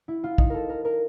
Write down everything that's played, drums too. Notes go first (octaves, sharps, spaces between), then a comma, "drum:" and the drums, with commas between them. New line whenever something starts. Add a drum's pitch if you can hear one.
E4
F4
D#4, drum: kick
A4 A#4
A#4
A#4